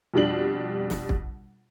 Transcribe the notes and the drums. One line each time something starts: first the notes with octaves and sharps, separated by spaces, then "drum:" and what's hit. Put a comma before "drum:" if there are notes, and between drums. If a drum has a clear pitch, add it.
F2 B2 G3 D4 F#7
drum: snare
drum: kick